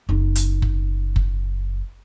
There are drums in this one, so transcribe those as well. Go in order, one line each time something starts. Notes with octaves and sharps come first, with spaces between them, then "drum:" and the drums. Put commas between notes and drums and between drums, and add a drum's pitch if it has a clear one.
F#1 D#4
drum: hi-hat
drum: kick
drum: kick